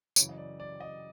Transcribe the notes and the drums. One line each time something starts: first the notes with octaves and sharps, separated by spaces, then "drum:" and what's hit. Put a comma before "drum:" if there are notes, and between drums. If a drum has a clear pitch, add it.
F#2 C#3 E3 C#5, drum: tambourine
D#5
D5
D5
D#5